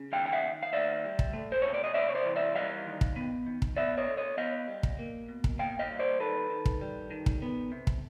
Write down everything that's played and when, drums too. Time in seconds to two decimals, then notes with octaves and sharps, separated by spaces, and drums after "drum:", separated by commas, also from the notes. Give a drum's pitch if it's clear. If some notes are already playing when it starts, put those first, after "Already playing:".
Already playing: C#3
0.12 D#3 F5 G5
0.26 G5
0.32 E5 F#5
0.43 D#3
0.63 F5
0.73 D#3 D5 E5
1.04 G3
1.19 drum: kick
1.33 A3
1.52 C5
1.62 C3 C#5
1.74 D5
1.84 D#5
1.94 C3 D5 E5
2.09 C#5
2.15 C5 D5
2.25 E3
2.36 D5 E5
2.55 G3 D#5 F5
2.86 D#3
3.01 drum: kick
3.16 B3
3.46 D#3
3.62 drum: kick
3.77 B3 D5 E5
3.98 C#5 D#5
4.07 D3
4.17 C#5 D#5
4.37 B3 D#5 F5
4.68 G3
4.83 drum: kick
4.99 A#3
5.28 B2
5.44 drum: kick
5.59 A#3 F5 G5
5.79 D#5 F5
5.90 G3
5.99 C5 D5
6.20 D#3 A4 B4
6.51 D#3
6.66 drum: kick
6.81 G3
7.11 D#3
7.26 drum: kick
7.42 B3
7.72 C3
7.87 drum: kick